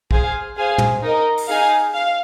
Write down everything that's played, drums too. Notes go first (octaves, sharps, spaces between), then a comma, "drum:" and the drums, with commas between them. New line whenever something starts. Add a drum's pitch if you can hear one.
G#4 C5 F5 G#5, drum: kick B1
G#4 C5 F5 G#5
drum: tom
D#4 A#4 D#5
drum: open hi-hat
D#4 G#4 F5 G#5
F5